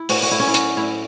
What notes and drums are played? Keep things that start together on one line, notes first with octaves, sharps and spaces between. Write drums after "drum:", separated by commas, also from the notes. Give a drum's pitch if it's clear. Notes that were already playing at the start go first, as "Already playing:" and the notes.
Already playing: E4
A2 F#4, drum: open hi-hat
F#4
A2 E4
C#4
E4
F#3 F#4, drum: hi-hat
A2 E4